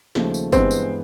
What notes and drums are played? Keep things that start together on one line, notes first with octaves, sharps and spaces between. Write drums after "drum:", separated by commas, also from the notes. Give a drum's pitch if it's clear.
D#2 C#3 F3 A3, drum: snare
drum: tambourine
G2 E3 G#3 B3 C4, drum: kick G1, tambourine
drum: tambourine